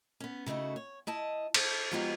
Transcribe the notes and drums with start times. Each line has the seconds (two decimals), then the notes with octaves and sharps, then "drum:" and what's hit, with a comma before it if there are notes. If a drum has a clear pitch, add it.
0.20 B3 C#4
0.46 C#3 A3 D#4 E4 F#4
0.76 C#5
1.07 E4 D#5 A5
1.54 A4, drum: cymbal
1.91 F3 F#3 G#3 B3 D#4 G4